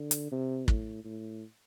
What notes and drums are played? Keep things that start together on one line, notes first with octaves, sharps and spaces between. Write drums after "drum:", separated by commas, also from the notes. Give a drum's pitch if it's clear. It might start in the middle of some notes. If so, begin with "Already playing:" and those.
Already playing: D3
drum: hi-hat
C3
A2, drum: kick
A2